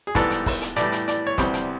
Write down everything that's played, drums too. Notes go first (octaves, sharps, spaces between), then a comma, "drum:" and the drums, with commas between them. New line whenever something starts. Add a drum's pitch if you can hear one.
G#4
G#2 E3 G3 B3 A4, drum: kick, hi-hat
drum: hi-hat
drum: kick, open hi-hat
drum: hi-hat
A2 E3 G3 D5, drum: hi-hat
drum: hi-hat
D5, drum: hi-hat
C#5
D2 C3 E3 G3 C5, drum: kick, hi-hat
drum: hi-hat